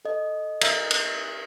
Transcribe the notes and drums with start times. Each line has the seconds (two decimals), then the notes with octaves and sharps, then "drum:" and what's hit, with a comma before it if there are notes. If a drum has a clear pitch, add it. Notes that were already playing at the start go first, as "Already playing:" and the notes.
0.05 A4 D#5
0.61 A#4 E5 E7, drum: cymbal
0.91 drum: cymbal